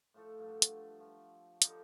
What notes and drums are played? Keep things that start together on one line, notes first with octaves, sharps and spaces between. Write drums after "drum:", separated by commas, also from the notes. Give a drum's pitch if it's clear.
A2 F3 A3 A4
G2 F3 F#3
A4
drum: hi-hat
F3
D3 F3 D#4 G4, drum: hi-hat